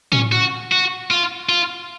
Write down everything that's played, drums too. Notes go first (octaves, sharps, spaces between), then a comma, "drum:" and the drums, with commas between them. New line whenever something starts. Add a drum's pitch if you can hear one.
C#4, drum: tom A2
F#4
F#4
F4
F4